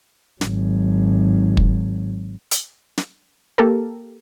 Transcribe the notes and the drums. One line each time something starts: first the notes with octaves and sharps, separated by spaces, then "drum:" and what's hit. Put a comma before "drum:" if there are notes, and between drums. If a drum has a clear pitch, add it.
G#1 F#3, drum: snare
drum: kick
drum: hi-hat
drum: snare
A#3 G4 A4 A#4